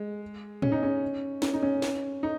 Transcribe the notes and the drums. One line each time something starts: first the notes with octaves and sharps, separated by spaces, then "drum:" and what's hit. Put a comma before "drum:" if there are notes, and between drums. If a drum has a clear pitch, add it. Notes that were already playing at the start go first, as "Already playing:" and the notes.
Already playing: G#3
C#4, drum: tom A2
D#4
C#4
C#4, drum: snare
D#4
C#4
drum: snare
D#4